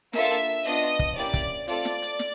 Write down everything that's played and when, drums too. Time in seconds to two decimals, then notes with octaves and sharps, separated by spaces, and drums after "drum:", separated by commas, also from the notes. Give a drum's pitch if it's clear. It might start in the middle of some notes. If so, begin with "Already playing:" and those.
0.13 A#3 D4 F4 A4 E5, drum: snare
0.31 drum: hi-hat
0.65 B3 D4 F4 D#5, drum: hi-hat
0.99 drum: kick
1.16 A#3 C#4 E4 G4 D5
1.34 drum: kick, hi-hat
1.68 A3 C4 F4 A4 D5, drum: hi-hat
1.85 drum: snare
2.02 drum: hi-hat
2.19 drum: snare